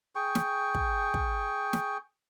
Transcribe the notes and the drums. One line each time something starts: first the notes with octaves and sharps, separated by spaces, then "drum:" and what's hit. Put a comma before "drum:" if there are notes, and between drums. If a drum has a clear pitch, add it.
G#4 G5 C#6
drum: snare
drum: kick
drum: kick
drum: snare